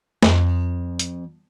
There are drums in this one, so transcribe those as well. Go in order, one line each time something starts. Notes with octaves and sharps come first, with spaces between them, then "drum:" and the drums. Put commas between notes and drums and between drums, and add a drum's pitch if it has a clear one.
F2, drum: snare
drum: hi-hat